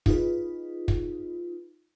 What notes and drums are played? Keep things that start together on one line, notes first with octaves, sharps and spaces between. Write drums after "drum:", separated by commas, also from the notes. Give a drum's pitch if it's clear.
D#4 F4 G#4 B4, drum: kick
drum: kick